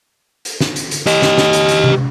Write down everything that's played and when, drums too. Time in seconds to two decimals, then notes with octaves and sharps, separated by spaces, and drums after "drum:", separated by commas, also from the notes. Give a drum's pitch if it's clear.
0.45 drum: hi-hat
0.61 drum: snare
0.76 drum: hi-hat
0.91 drum: hi-hat
1.07 G4 D#5, drum: hi-hat
1.22 drum: snare
1.38 drum: snare
1.53 drum: hi-hat
1.68 drum: hi-hat
1.84 drum: tom C3